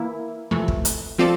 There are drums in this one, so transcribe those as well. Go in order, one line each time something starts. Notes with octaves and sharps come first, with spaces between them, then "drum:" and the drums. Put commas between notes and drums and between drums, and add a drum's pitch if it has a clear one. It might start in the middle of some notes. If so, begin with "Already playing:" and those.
Already playing: E3 A#3 E4
F2 C3 E3 A3
drum: kick
drum: hi-hat
F3 C4 F4 A4 D5